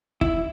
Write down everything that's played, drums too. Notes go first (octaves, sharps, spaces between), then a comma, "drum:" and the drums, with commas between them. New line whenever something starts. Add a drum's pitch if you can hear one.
E4, drum: kick